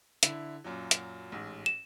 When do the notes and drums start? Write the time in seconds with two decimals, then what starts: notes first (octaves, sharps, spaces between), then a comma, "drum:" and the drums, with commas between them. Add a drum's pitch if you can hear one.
0.23 D3 E4, drum: hi-hat
0.64 F#2 A#2 F#3
0.91 drum: hi-hat
1.32 A1 G#2
1.66 E7